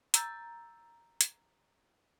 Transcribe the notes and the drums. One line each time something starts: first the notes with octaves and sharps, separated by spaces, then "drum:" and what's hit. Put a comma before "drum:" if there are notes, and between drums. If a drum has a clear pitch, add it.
A#5 E6 G6 A6, drum: hi-hat
drum: hi-hat